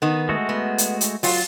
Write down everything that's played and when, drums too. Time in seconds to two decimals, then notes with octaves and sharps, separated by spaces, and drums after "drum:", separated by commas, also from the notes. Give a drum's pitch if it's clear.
0.02 D#3 B3
0.29 G#3 A3 F#4
0.49 B3
0.78 drum: hi-hat
1.01 drum: hi-hat
1.23 F#3 F4, drum: open hi-hat